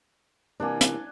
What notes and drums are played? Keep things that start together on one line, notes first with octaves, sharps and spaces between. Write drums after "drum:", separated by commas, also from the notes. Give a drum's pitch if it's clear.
C3 E3 A#3 D4 G#5
drum: hi-hat